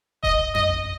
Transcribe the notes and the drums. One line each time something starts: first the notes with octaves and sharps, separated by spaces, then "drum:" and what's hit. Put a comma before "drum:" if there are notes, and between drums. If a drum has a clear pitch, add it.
D#5, drum: kick D#1
D#5, drum: tom F2